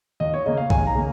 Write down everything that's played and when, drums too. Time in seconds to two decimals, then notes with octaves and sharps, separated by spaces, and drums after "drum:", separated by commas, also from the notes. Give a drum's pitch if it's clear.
0.20 D#2 D#5
0.34 C#5
0.46 C#3 A#3 D#5
0.57 F5
0.70 D#2 G#5, drum: kick
0.87 A#5
0.95 C#3 A#3